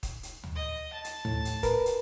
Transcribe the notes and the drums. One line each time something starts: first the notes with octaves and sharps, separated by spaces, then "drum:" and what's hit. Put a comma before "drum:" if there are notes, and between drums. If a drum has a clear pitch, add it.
drum: kick, hi-hat
drum: hi-hat
drum: tom
D#5
A5
drum: hi-hat
A2, drum: tom
drum: hi-hat
A#4 B4, drum: kick, hi-hat
drum: hi-hat